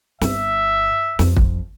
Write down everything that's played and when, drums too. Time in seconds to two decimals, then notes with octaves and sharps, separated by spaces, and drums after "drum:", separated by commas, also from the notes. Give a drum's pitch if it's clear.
0.21 G1 E5, drum: snare
1.19 F2, drum: snare
1.36 drum: kick